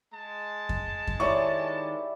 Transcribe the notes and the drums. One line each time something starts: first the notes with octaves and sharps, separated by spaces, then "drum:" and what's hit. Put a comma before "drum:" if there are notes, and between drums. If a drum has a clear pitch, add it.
G#3 A5
drum: kick F2
drum: kick F2
D#3 E4 G4 C#5 D5 C#6